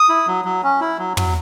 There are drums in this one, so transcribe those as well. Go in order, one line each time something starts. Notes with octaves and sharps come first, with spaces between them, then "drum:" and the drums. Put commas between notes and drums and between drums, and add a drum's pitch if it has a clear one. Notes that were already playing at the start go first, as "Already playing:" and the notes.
Already playing: D#6
E4
F#3
F#3
C#4
E4
F#3
F#3, drum: tom